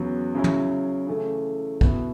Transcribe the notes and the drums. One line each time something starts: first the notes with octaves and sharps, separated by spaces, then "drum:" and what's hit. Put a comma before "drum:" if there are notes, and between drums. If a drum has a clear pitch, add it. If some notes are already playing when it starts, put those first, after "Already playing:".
Already playing: E2 C#3 F#3 B3 F#4
C#3 F#3 C#4 E4
drum: tom
C#3 E3 A3 E4
B2 B3 E4, drum: kick A#1